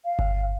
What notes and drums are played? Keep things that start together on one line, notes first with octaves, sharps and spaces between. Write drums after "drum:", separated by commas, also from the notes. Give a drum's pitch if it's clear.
F5
drum: kick G1